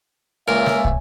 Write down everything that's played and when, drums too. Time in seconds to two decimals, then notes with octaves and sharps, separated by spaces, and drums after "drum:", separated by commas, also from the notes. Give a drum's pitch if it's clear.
0.48 C#2 A#2 A#4 C#5 E5 G#5
0.66 drum: snare
0.85 drum: kick